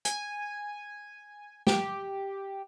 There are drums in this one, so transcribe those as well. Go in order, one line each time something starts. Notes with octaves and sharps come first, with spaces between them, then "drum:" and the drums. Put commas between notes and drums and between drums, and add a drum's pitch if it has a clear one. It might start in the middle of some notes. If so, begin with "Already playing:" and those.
G#5, drum: hi-hat
G4, drum: snare